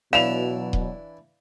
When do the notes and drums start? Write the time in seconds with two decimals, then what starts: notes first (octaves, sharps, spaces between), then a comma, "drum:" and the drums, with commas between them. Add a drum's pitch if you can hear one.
0.13 B2 E3 F#3 D4 E4 F5 E7 F7
0.73 drum: kick D#1